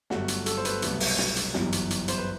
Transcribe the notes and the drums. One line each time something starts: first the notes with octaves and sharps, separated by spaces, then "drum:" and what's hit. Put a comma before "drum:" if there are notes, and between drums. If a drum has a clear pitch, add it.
G1 G2 F#3 A3 F#4, drum: snare
drum: hi-hat
A4, drum: hi-hat
C5
B4, drum: hi-hat
C2 B2 F#3 A3, drum: hi-hat
drum: open hi-hat
drum: snare
drum: hi-hat
G1 F#2 E3 G3, drum: snare
drum: hi-hat
drum: hi-hat
C5, drum: hi-hat
B4